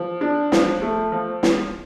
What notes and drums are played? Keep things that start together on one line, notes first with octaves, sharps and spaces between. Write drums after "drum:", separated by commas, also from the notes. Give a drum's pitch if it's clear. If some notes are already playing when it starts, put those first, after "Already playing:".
Already playing: F3
D4
F3, drum: snare
A3
F3
drum: snare